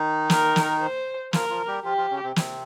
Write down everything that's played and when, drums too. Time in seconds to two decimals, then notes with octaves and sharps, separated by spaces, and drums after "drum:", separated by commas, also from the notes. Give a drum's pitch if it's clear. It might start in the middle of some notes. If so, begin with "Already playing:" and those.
Already playing: D#3 D#4
0.30 A#4, drum: snare
0.56 drum: snare
0.82 C5
1.33 F3 F4 A#4, drum: snare
1.50 F3 F4
1.68 G3 G4
1.85 F3 F4 G4
1.97 F3 F4
2.11 C#3 C#4
2.23 C3 C4
2.36 C3 C4, drum: snare